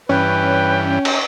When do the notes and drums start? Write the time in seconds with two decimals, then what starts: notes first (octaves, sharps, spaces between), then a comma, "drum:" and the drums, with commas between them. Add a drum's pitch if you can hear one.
0.09 G2 E3 C#4 B4 G5
1.05 drum: cymbal